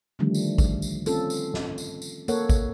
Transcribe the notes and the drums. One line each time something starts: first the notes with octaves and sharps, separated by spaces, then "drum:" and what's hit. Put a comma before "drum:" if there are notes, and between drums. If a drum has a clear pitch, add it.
D3 D#3 F3 G3 A3 D4
drum: tambourine
drum: kick G#1, tambourine
drum: tambourine
C4 C#4 F4 A4, drum: tambourine
drum: tambourine
drum: snare
drum: tambourine
drum: tambourine
A#3 A4 A#4 C#5 F#5, drum: tambourine
drum: kick G#1, tambourine